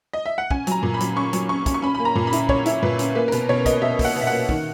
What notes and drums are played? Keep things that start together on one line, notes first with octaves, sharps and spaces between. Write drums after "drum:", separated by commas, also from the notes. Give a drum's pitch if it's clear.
D#5
E5
F#5
C#4 G#5, drum: kick
F#3 A#5, drum: hi-hat
A#2
B5
F#3, drum: hi-hat
C#4 C#6
F#3, drum: hi-hat
C#4 C#6
C#4, drum: kick, hi-hat
C#6
C#4 B5
A#3 B5
A#5
A#2
B5
E4, drum: hi-hat
C#4 C#5, drum: kick
E4, drum: hi-hat
A#2 B4
C#4, drum: hi-hat
A#3 B4
A#4
B2 B4, drum: hi-hat
B2 C#5
A#3 D#5, drum: kick, hi-hat
B2 E5
A#3, drum: kick, open hi-hat
F#5
B2
E5
A#3 F#5
D#3, drum: kick